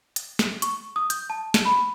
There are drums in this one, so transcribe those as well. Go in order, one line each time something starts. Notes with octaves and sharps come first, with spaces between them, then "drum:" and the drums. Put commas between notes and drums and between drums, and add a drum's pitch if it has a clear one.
drum: hi-hat
drum: snare
C#6, drum: hi-hat
D#6
G6, drum: hi-hat
A5
drum: snare
B5